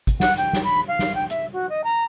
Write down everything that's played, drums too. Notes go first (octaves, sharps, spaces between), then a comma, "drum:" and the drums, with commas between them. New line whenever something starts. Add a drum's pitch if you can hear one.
drum: kick, hi-hat
F#5, drum: snare
G5, drum: hi-hat
drum: snare
B5
F5
drum: snare
G5
E5, drum: hi-hat
F#4
D#5
A#5